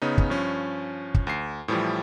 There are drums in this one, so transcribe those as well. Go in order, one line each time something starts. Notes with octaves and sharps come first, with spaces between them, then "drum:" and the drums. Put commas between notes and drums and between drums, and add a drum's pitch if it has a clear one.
C#3 B3 C#4 D#4
drum: kick
G2 F3 C#4
drum: kick
D2 C7
A2 E3 F3 G3